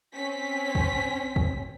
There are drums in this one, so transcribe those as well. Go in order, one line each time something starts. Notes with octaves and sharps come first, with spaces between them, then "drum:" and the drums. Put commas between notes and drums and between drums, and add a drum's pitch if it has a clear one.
C4 C#4 B6
drum: kick
drum: kick